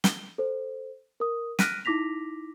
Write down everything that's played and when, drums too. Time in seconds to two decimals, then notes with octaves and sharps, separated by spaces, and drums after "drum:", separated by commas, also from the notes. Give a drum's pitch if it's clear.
0.04 G7, drum: snare
0.38 A4 C5
1.20 A#4 D#6
1.59 F6 F#6 A#6 B6 D7 D#7, drum: snare
1.85 D#4 E4 D6 A#6 B6 F7